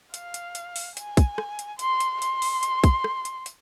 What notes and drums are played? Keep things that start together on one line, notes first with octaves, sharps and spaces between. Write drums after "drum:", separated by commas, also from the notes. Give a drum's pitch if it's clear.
F5, drum: hi-hat
drum: hi-hat
drum: hi-hat
drum: open hi-hat
G#5, drum: hi-hat
drum: kick, hi-hat
drum: rim click
drum: hi-hat
C6, drum: hi-hat
drum: hi-hat
C6, drum: hi-hat
drum: open hi-hat
drum: hi-hat
drum: kick, hi-hat
drum: rim click
drum: hi-hat
drum: hi-hat